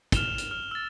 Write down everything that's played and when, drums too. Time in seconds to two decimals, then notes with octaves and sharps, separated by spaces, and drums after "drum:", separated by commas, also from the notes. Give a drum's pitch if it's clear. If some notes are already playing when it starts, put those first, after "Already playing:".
0.12 F6 E7 F7 G7, drum: kick, hi-hat
0.38 drum: hi-hat
0.51 F6
0.71 E6 A6